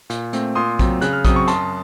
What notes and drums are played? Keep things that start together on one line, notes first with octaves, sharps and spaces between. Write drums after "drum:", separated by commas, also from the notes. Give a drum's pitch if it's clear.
A#2, drum: hi-hat
A3 C4, drum: hi-hat
A#2 C6 D#6
F#3 C4, drum: kick A#1, hi-hat
C#3 F#6, drum: hi-hat
F6
F#3 C4 D#6, drum: kick A#1, hi-hat
C#6
F#2 A5 C6, drum: hi-hat